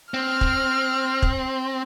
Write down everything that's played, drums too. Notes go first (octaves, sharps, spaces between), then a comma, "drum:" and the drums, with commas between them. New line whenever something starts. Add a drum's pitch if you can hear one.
C4 F6
drum: kick
drum: kick